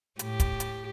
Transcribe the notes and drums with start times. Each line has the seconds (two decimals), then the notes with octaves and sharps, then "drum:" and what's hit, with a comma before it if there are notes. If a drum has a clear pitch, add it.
0.19 A2 G4, drum: hi-hat
0.40 drum: kick, hi-hat
0.60 drum: hi-hat